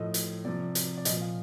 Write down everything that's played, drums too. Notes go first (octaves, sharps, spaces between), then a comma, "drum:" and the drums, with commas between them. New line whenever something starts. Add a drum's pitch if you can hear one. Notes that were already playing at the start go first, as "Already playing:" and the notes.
Already playing: A2 F3 D#5
drum: hi-hat
C3 F3 D5
drum: hi-hat
D5
A#2 F3 D#5, drum: hi-hat
F5